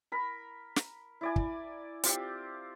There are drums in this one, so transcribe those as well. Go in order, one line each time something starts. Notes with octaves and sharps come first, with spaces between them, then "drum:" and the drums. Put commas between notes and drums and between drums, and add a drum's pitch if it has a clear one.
A#4 B5
drum: snare
E4 D5 G#5
drum: kick
C4 F4 G4, drum: hi-hat